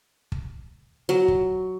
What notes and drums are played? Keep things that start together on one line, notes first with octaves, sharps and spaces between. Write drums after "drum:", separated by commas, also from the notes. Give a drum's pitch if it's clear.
drum: kick
F#3
drum: kick